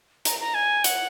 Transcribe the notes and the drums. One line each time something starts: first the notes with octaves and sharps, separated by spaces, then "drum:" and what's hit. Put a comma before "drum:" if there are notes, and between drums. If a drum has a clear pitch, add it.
A#5, drum: hi-hat
A#5
G#5
F#5, drum: hi-hat